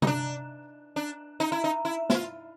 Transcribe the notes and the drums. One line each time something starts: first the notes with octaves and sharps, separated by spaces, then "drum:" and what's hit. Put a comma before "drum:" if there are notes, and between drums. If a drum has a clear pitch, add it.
D#4, drum: tom C3
D4
D4
D#4
E4
D#4
E4
E4, drum: snare
F4